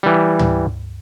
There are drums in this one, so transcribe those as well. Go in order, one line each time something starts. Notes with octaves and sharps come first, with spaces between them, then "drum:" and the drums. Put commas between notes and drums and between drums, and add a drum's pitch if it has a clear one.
E3 G3
drum: tom